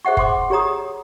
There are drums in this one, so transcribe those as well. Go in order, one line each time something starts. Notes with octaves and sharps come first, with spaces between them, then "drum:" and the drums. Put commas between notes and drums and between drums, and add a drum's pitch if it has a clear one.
G#4 C5 E5 F#5 C#6
F#5 C6 D6, drum: kick F#1
G4 G#4 C#5 A#5 D#6